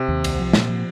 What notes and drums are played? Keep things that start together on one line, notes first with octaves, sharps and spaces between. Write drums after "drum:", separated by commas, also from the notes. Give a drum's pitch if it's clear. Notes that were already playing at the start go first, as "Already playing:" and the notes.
Already playing: C3
D#2
C2, drum: cymbal
F3
A#2, drum: snare
F3